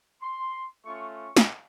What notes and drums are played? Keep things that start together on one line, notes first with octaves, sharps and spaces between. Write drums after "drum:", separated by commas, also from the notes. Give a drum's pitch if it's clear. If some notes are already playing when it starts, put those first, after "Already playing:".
C6
A3 C#4 F4 C#6
C#6
drum: snare